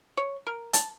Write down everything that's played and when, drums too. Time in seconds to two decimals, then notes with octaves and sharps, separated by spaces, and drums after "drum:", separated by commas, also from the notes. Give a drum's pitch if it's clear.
0.17 C#5
0.47 A#4
0.73 A5, drum: hi-hat